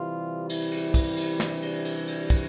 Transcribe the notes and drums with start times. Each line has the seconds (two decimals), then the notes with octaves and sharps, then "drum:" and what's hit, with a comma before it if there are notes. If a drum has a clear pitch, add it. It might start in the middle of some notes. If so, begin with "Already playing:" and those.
Already playing: C3 E3 G3 F4
0.49 E4, drum: cymbal
0.71 drum: cymbal
0.94 drum: kick, cymbal
1.17 drum: cymbal
1.40 D4, drum: snare
1.62 drum: cymbal
1.85 drum: cymbal
2.07 drum: cymbal
2.30 drum: kick, cymbal